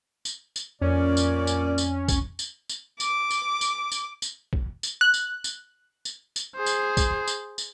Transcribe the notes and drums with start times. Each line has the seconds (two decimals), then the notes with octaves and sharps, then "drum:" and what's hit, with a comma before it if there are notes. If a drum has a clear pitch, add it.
0.25 drum: tambourine
0.56 drum: tambourine
0.81 F2 A#2 A#3 C#4 D5
1.17 drum: tambourine
1.47 drum: tambourine
1.78 drum: tambourine
2.08 drum: kick, tambourine
2.39 drum: tambourine
2.69 drum: tambourine
3.00 D6, drum: tambourine
3.31 drum: tambourine
3.61 drum: tambourine
3.92 drum: tambourine
4.22 drum: tambourine
4.53 drum: kick
4.83 drum: tambourine
5.01 F#6
5.14 drum: tambourine
5.44 drum: tambourine
6.05 drum: tambourine
6.36 drum: tambourine
6.56 G#4 C5
6.66 drum: tambourine
6.97 drum: kick, tambourine
7.27 drum: tambourine
7.58 drum: tambourine